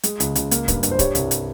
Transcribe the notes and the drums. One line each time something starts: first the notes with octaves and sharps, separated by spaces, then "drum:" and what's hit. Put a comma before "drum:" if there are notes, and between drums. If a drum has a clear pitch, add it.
G#3, drum: hi-hat
C#2, drum: hi-hat
C#2, drum: hi-hat
A#3, drum: hi-hat
G2, drum: kick, hi-hat
G2, drum: hi-hat
C5
G3 C#5, drum: kick, hi-hat
C2, drum: hi-hat
drum: hi-hat